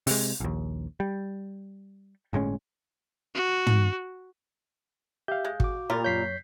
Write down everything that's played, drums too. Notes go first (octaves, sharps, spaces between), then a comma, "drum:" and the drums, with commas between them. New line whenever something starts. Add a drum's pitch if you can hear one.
C3 G#3, drum: open hi-hat
A#1 D#2
G3
G1 A2 G#3 C#4
F#4
drum: tom
G4 E5 F5 G6
G#3
F#4 D6, drum: kick
A#2 G3 F4 A#4
F#2 C#5 G6 B6 C7